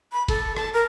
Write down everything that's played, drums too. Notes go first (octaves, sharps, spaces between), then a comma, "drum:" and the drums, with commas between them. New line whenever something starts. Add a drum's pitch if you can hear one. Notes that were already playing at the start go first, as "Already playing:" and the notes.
B5
A4, drum: kick F#1, cymbal
A5, drum: rim click
A#4